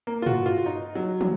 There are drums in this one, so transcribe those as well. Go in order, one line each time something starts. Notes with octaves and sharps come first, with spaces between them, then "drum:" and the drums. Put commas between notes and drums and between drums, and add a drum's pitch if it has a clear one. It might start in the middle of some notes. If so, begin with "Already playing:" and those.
A#3
F4
F#4, drum: tom
F4
D#4
F#3
F#3, drum: tom